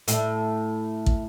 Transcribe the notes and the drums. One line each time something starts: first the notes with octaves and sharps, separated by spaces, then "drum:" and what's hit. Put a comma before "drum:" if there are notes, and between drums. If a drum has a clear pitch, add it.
A2, drum: hi-hat
drum: kick